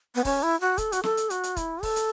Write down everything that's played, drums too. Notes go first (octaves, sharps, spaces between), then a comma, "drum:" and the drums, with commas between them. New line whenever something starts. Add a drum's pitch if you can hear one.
B3
C#4, drum: kick, open hi-hat
E4
F#4
A4, drum: kick, hi-hat
F#4, drum: hi-hat
A4, drum: snare
drum: hi-hat
F#4, drum: hi-hat
drum: hi-hat
E4, drum: kick, hi-hat
A4, drum: kick, open hi-hat
drum: hi-hat